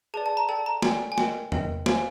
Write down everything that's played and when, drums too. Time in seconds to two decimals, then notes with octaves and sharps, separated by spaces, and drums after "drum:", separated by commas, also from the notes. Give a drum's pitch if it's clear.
0.14 G#4 B4 D5 A5
0.26 A5
0.37 A#5
0.49 A4 D5 G5 A5
0.66 A#5
0.82 A4 D5 G5 G#5, drum: snare
1.12 G#5
1.18 A#4 D#5 G5, drum: snare
1.52 A#4 D#5 G5, drum: tom E2
1.86 C5 F5 G#5, drum: snare